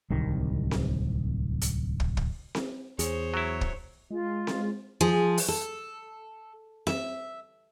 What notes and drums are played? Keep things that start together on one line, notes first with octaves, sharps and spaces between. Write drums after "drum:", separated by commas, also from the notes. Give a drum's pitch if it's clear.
D1 C2 D#3
drum: snare C4
drum: hi-hat
drum: kick
drum: kick
drum: snare C4
E2 G#4 C5 C#5, drum: hi-hat
F#3 E4
drum: kick
G#3 F4
drum: snare C4
F3 G#4
drum: open hi-hat
A4
E5, drum: snare C4